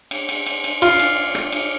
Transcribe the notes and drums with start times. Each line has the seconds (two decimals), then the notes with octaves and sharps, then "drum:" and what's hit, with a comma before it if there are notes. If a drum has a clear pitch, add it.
0.11 drum: cymbal
0.29 drum: cymbal
0.46 drum: cymbal
0.64 drum: cymbal
0.82 F4, drum: cymbal
0.99 drum: cymbal
1.35 drum: rim click
1.52 drum: cymbal